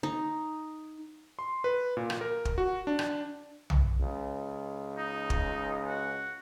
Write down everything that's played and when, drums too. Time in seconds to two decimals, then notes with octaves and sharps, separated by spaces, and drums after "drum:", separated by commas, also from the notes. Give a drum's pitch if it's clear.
0.03 D#4
1.39 C6
1.64 B4
1.97 A#2
2.10 drum: rim click
2.21 A#4
2.45 drum: kick
2.58 F#4
2.87 D4
2.99 drum: rim click
3.70 drum: tom B1
4.00 C#2
4.98 D#4
5.30 drum: kick
5.87 F#4